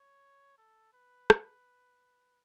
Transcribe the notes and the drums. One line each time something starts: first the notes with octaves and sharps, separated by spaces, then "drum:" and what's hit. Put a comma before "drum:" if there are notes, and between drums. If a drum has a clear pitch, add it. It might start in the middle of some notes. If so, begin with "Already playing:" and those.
Already playing: C#5
A4
B4
drum: rim click